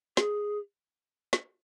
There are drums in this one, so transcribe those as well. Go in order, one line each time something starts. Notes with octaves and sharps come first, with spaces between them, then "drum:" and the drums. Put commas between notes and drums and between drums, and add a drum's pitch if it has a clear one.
G#4, drum: snare
drum: snare